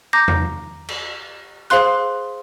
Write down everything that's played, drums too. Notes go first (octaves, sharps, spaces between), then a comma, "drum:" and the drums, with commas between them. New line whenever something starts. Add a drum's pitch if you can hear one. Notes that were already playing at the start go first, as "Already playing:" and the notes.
A#5 D6 G6 A#6
drum: tom E2
drum: cymbal
G#4 C5 F5 C6 F#6, drum: hi-hat